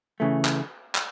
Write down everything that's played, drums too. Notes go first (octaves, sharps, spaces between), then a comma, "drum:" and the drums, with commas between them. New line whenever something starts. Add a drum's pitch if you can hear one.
C#3 E3 A3
drum: clap
drum: clap